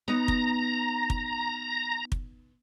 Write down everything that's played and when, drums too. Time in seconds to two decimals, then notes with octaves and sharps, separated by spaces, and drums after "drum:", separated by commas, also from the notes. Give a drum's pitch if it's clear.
0.08 B3 D#4 A#5
0.28 drum: kick
1.10 drum: kick
2.12 drum: kick